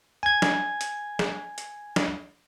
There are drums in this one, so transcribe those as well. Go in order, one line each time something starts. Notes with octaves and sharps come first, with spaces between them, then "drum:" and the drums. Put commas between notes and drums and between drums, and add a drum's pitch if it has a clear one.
G#5 G#6
drum: snare
drum: hi-hat
drum: snare
drum: hi-hat
drum: snare